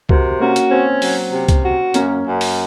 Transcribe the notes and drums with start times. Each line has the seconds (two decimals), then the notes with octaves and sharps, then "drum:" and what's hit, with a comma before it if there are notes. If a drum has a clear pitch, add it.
0.09 C3 F#4 A#4, drum: kick C2
0.40 A#3 C#4 F#4
0.56 drum: hi-hat
0.71 C4 C#4
1.02 F#3, drum: open hi-hat
1.33 C3
1.48 drum: kick C2, hi-hat
1.64 F#4
1.94 F#2 A#3 C#4, drum: hi-hat
2.26 F#2
2.41 drum: open hi-hat